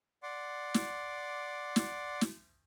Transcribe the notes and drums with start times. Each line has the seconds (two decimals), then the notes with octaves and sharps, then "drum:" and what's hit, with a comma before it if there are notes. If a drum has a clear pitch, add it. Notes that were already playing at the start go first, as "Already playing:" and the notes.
0.23 D5 F#5 C6 D6
0.74 drum: snare
1.76 drum: snare
2.21 drum: snare